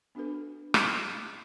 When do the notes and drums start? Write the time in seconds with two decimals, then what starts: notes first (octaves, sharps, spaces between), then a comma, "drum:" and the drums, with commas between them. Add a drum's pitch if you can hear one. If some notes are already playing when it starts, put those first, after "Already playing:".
0.15 B3 D4 F#4 A4 B4
0.74 drum: rim click